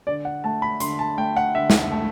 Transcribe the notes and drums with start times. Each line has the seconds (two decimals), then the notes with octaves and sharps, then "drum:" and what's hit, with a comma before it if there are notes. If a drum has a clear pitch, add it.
0.07 D3 D5
0.25 F#5
0.44 A3 A5
0.62 B5
0.80 D3 C6, drum: hi-hat
0.99 A5
1.18 A3 G5
1.36 F#5
1.54 D3 E5
1.70 drum: snare
1.91 A3